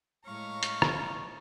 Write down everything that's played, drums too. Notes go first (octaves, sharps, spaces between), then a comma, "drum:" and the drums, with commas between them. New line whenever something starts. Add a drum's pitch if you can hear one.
A2 G#3 C#5 F5 A#5 C#6
drum: hi-hat
drum: rim click